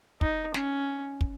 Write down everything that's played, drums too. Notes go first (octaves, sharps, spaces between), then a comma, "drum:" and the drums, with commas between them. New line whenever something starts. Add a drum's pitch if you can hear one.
D#4, drum: kick
C#4, drum: snare
drum: kick